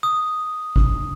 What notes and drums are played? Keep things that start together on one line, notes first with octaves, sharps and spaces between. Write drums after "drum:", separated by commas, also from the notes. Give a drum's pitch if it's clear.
D#6
drum: kick G#1